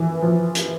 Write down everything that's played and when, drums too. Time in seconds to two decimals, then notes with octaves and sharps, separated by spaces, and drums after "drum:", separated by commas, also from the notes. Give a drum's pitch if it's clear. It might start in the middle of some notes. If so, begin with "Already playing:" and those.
Already playing: E3
0.22 F3
0.55 drum: hi-hat